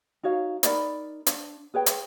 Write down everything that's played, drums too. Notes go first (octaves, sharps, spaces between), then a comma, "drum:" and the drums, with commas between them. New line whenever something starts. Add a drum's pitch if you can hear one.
D#4 F#4 C#5 F5
D#4 A#4 D5 B5, drum: hi-hat
D4, drum: hi-hat
G#4 B4 C#5 G5
drum: hi-hat